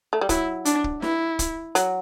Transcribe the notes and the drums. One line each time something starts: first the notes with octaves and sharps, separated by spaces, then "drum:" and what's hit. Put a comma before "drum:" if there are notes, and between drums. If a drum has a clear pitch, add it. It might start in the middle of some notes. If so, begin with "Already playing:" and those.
A3
G3
F#3 E4, drum: kick, hi-hat
D4, drum: hi-hat
drum: kick
E4, drum: snare
drum: kick, hi-hat
F#3, drum: hi-hat